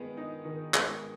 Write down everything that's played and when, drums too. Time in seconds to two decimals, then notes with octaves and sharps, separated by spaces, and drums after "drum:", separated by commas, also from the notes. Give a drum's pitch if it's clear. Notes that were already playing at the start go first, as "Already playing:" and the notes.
Already playing: D#3 G#3 B3 D#4
0.17 D#4
0.45 D#3
0.74 G#3, drum: clap